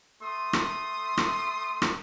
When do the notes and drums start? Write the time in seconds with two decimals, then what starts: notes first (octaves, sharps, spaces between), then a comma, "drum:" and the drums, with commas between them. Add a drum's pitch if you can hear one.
0.21 A3 C6 D#6
0.53 drum: rim click
1.17 drum: rim click
1.82 drum: rim click